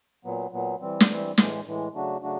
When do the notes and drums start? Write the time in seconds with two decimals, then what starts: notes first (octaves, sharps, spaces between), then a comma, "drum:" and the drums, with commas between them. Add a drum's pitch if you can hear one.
0.25 A#2 F#3 B3
0.53 A#2 F#3 B3
0.82 E3 G3 C4
1.00 drum: snare
1.10 E3 G3 C4
1.38 A2 E3 G#3, drum: snare
1.66 A2 E3 G#3
1.94 C#3 F#3 A3 D4 F#4
2.22 C#3 F#3 A3 D4 F#4